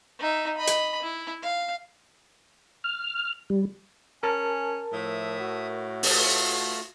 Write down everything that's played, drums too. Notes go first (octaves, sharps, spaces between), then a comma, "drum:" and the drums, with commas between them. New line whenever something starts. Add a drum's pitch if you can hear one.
D#4 E5
D#5 B5
drum: hi-hat
E4
F5
F6
G3
C#4 A#4 G#5 A5
A2 F3 E5 D#6
F#4
drum: open hi-hat
A3 F4